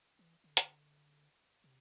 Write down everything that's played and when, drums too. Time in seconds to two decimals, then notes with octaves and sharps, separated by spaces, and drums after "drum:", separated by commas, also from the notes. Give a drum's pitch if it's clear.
0.19 E3
0.44 D3
0.57 drum: hi-hat
1.64 C3